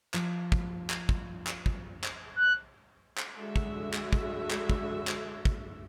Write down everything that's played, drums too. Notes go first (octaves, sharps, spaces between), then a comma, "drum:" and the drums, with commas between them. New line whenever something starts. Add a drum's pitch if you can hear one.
F3, drum: clap
drum: kick
drum: clap
drum: kick
drum: clap
drum: kick
drum: clap
F#6
drum: clap
D3 G#3 F#4 E5
drum: kick
drum: clap
drum: kick
drum: clap
drum: kick
drum: clap
drum: kick